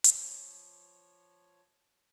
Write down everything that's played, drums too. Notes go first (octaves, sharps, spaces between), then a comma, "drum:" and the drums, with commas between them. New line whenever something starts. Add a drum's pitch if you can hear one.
F3 C#5, drum: hi-hat